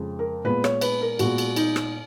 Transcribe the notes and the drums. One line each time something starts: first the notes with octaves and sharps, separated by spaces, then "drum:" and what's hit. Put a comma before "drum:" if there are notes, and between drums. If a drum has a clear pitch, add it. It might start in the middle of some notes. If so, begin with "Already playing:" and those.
Already playing: F2 C#3 G#3
A#4
A#2 G#3 B3 B4
C#5, drum: rim click
B4, drum: cymbal
A#4
A#2 G#3 B3 F#4, drum: cymbal
drum: cymbal
D#4, drum: cymbal
drum: rim click